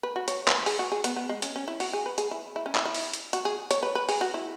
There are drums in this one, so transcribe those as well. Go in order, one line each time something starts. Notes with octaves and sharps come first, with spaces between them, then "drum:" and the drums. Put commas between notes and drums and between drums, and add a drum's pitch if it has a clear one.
B4
F#4
C#5, drum: hi-hat
B4, drum: clap
G#4, drum: open hi-hat
F#4
G#4
B3, drum: hi-hat
B3
G#3
C#4, drum: hi-hat
C#4
E4
F#4, drum: open hi-hat
G#4
B4
G#4, drum: hi-hat
E4
E4
C#4
E4, drum: clap
E4
drum: open hi-hat
drum: hi-hat
F#4, drum: hi-hat
G#4
C#5, drum: hi-hat
B4
B4
G#4, drum: open hi-hat
F#4
E4